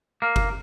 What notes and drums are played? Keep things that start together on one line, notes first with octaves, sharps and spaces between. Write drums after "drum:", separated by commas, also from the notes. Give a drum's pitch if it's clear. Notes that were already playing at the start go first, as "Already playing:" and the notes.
A#3
drum: kick F#1